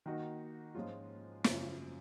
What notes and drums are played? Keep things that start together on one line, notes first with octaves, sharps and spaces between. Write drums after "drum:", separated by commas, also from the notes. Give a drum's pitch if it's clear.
D#3 A#3 D#4 F#4
G#2 F3 G#3 C#4 F4
F#2 C#3 F3, drum: snare